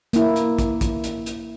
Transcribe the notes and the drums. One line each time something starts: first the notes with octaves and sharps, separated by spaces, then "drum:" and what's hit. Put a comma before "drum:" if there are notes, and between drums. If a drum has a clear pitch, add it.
A#3 E4, drum: hi-hat
drum: hi-hat
drum: kick, hi-hat
drum: kick, hi-hat
drum: hi-hat
drum: hi-hat